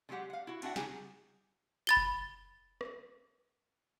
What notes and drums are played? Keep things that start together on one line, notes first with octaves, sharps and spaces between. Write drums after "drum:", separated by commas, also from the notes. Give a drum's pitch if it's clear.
D3 F#3 G#3 G4 F#5
F5 F#5
E4 F#4
C4 D4 F#4 E5 F#5, drum: cymbal
C#3 D#4 E4 G4 G#4, drum: snare
B5 A6 G7
drum: kick F1
drum: rim click